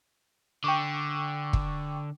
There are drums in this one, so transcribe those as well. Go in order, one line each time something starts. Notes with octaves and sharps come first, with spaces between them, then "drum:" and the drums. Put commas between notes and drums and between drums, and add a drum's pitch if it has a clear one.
D3 G5 C#6 D6
drum: kick